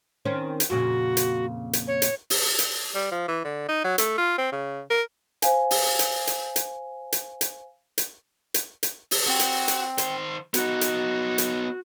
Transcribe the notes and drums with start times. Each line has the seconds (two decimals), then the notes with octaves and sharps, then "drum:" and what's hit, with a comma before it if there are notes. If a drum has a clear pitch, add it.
0.25 D#3 C4 C#4
0.60 drum: hi-hat
0.70 F2 A#2 C#3 F#4
1.17 drum: hi-hat
1.73 drum: hi-hat
1.87 C#5
2.02 drum: hi-hat
2.30 drum: open hi-hat
2.59 drum: hi-hat
2.95 G3
3.11 F3
3.28 E3
3.44 D3
3.69 D#4
3.84 F#3
3.98 A3, drum: hi-hat
4.18 F4
4.38 C4
4.52 C#3
4.90 A#4
5.42 C5 F5 G#5, drum: hi-hat
5.71 drum: open hi-hat
5.99 drum: hi-hat
6.27 drum: hi-hat
6.56 drum: hi-hat
7.12 drum: hi-hat
7.41 drum: hi-hat
7.98 drum: hi-hat
8.54 drum: hi-hat
8.83 drum: hi-hat
9.11 drum: open hi-hat
9.27 C4 F#4
9.39 drum: hi-hat
9.68 drum: hi-hat
9.98 D#3 C5, drum: hi-hat
10.54 B3 D#4 F#4, drum: hi-hat
10.81 drum: hi-hat
11.38 drum: hi-hat